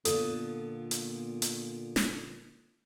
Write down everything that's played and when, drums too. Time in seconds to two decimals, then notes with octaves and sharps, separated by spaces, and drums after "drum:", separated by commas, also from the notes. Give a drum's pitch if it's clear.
0.05 A#2 D3 B3 F4 A4, drum: hi-hat
0.91 drum: hi-hat
1.42 drum: hi-hat
1.96 drum: snare